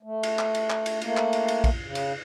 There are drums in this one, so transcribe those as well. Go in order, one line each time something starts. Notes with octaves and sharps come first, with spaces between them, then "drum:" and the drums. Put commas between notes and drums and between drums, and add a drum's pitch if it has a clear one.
A3
drum: cymbal
drum: clap
drum: cymbal
drum: clap
drum: cymbal
A3 A#3, drum: cymbal
drum: clap
drum: cymbal
drum: cymbal
drum: kick A#1, cymbal
C#3
drum: cymbal